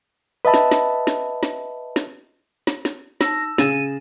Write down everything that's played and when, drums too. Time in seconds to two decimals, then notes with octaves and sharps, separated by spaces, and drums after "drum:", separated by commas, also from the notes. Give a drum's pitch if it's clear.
0.45 B4 D#5 E5 A5 B5
0.54 drum: snare
0.72 drum: snare
1.07 drum: snare
1.43 drum: snare
1.96 drum: snare
2.67 drum: snare
2.85 drum: snare
3.21 D#4 A5 E6 A#6, drum: snare
3.58 C#3 G#4 A6 A#6 D#7 E7, drum: snare